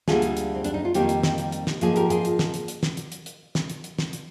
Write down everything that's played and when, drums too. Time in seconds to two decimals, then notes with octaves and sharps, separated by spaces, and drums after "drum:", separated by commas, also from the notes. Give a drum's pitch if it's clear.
0.08 D2 D3 G3 A#3 F4 G#4, drum: snare
0.22 drum: hi-hat
0.37 drum: hi-hat
0.55 C4
0.64 D4, drum: hi-hat
0.74 D#4
0.85 F4
0.94 F2 D#3 G3 A#3 D#4 G4, drum: hi-hat
1.09 drum: hi-hat
1.23 drum: snare
1.38 drum: hi-hat
1.52 drum: hi-hat
1.67 drum: snare
1.81 G#2 F3 A#3 F4 G#4, drum: hi-hat
1.96 G4 A#4, drum: hi-hat
2.10 F4 G#4, drum: hi-hat
2.25 drum: hi-hat
2.39 drum: snare
2.54 drum: hi-hat
2.68 drum: hi-hat
2.83 drum: snare
2.97 drum: hi-hat
3.12 drum: hi-hat
3.26 drum: hi-hat
3.55 drum: snare
3.70 drum: hi-hat
3.84 drum: hi-hat
3.99 drum: snare
4.13 drum: hi-hat